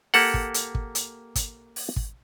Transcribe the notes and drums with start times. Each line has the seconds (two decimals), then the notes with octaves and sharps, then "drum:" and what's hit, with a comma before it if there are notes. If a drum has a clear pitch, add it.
0.14 A#3 G4 A4 F#5, drum: open hi-hat
0.34 drum: kick
0.54 drum: hi-hat
0.75 drum: kick
0.95 drum: hi-hat
1.35 drum: kick, hi-hat
1.76 drum: open hi-hat
1.96 drum: kick